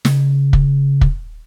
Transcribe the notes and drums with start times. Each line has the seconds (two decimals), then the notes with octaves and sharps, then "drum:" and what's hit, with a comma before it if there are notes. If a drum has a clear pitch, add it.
0.05 C#3, drum: snare
0.53 drum: kick
1.01 drum: kick